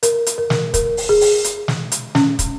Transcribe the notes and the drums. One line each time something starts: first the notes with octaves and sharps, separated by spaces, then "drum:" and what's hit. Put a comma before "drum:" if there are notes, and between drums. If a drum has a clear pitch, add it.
A#4, drum: hi-hat
drum: hi-hat
A#4
drum: snare
A#4, drum: kick, hi-hat
drum: open hi-hat
G#4
drum: open hi-hat
drum: hi-hat
drum: snare
drum: hi-hat
C#4, drum: snare
drum: kick, hi-hat